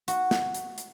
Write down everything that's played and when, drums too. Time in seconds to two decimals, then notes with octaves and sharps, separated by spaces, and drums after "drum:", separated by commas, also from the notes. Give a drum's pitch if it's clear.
0.08 F#4, drum: hi-hat
0.31 drum: snare
0.54 drum: hi-hat
0.78 drum: hi-hat